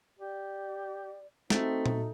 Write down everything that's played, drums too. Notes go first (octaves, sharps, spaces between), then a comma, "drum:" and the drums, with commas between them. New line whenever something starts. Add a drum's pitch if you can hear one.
G4 D5
A3 C4 D#4 F#4, drum: snare
drum: tom A#2